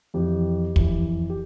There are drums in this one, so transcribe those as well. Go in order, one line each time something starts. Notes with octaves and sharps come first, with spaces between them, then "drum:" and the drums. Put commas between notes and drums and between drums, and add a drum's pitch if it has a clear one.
F2 E3 G4
F2 E3, drum: kick
G4